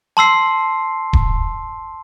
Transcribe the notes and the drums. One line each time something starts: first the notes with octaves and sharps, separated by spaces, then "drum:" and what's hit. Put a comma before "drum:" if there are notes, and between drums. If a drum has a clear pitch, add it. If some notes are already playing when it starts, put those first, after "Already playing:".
A5 C6 E6 C7
drum: kick D#1